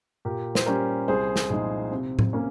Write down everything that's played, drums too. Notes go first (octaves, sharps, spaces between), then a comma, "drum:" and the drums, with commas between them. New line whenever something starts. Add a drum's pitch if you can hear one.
A#2 G4 A#4
C5, drum: snare
G3 C#4 G4 A#4
C2 G#4 C5
drum: snare
A#2 F3 G#3 D#4
C3
drum: tom A2
A#3 C#4